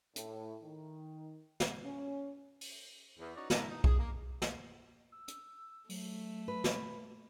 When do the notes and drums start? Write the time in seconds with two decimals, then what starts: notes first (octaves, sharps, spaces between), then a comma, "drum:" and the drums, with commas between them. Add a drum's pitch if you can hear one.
0.16 A2, drum: hi-hat
0.62 D#3
1.60 drum: snare
1.85 C#4
2.61 drum: open hi-hat
3.19 E2
3.36 C#4 D#4 F#4 C#5 D5
3.50 D4 E4 A#4, drum: snare
3.69 D#4
3.84 G#4, drum: kick B1
3.99 A#3
4.42 drum: snare
5.12 E6
5.28 drum: hi-hat
5.89 F#3 A3, drum: open hi-hat
6.48 B4
6.64 drum: snare